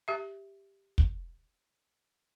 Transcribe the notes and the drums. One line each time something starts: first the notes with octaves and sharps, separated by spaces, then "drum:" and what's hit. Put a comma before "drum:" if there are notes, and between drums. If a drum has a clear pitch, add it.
G4 E5
drum: kick